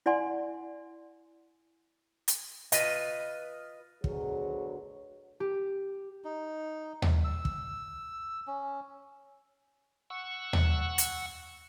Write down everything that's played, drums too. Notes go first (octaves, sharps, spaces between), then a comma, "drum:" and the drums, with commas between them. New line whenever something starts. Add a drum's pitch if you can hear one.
E4 D5 F#5 G#5 C6
drum: hi-hat
F4 B4 D#5, drum: hi-hat
D2 B2 F#3 G#4, drum: kick
G4
D#4
drum: tom D#2
E6
drum: kick
C#4
F#5 C#6 E6
drum: tom D#2
drum: hi-hat